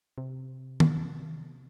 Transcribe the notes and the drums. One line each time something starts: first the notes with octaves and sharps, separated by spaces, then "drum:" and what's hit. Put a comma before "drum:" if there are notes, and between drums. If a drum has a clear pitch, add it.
C3
drum: tom